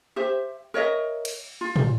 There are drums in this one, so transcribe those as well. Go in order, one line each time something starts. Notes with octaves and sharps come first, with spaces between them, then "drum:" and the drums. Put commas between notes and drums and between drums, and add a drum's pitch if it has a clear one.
G4 C5 E5
A#4 C#5 D#5 E5
drum: cymbal
F4
drum: tom